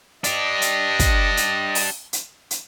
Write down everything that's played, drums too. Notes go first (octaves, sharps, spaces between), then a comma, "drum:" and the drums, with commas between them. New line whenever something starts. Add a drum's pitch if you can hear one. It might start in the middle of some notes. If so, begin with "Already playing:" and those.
D4 G4 D#5, drum: hi-hat
drum: hi-hat
drum: kick, hi-hat
drum: hi-hat
drum: open hi-hat
drum: hi-hat
drum: hi-hat